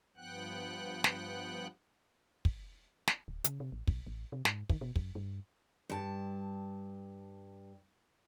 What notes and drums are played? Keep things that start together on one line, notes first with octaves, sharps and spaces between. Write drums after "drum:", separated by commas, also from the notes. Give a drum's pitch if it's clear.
G2 F3 B3 F#5 G5 F#6
drum: snare
drum: kick
drum: snare
D1
C#3, drum: hi-hat
C3
A1
B1, drum: kick
A1
C3
G#2, drum: snare
D#3, drum: kick
B2
F#2, drum: kick
G2
G2 A5